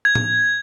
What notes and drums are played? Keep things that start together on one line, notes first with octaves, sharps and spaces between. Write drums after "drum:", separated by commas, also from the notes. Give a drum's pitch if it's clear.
G#6
drum: tom A2